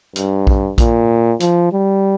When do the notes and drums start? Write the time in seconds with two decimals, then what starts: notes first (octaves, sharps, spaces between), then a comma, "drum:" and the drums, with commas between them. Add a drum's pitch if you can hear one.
0.16 G2, drum: hi-hat
0.47 drum: kick A#1
0.78 A#2, drum: kick A#1, hi-hat
1.40 F3, drum: hi-hat
1.73 G3